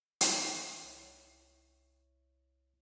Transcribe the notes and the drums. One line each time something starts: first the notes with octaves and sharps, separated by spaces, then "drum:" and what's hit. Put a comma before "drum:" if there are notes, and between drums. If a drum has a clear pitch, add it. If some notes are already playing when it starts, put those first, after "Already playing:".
drum: hi-hat
C2 E4 C#5